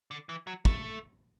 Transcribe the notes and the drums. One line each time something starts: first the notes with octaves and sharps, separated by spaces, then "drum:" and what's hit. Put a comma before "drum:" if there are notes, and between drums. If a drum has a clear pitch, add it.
D3
E3
F#3
A3, drum: kick